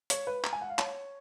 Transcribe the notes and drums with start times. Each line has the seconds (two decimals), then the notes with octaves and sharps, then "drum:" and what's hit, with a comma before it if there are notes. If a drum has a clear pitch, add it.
0.10 C#5, drum: hi-hat
0.27 B4
0.44 A#5, drum: clap
0.53 G#5
0.61 F#5
0.69 F5
0.79 C#5, drum: clap